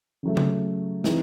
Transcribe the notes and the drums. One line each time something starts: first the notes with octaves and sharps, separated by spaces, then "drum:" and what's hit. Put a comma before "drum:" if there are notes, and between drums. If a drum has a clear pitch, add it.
C#3 F#3 A3
drum: tom C#3
E3 C4 D#4, drum: snare